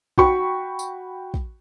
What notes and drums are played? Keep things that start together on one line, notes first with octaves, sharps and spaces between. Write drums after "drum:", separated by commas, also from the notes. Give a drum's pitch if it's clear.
F#4 G5 B5 C#6, drum: kick
drum: tambourine
drum: kick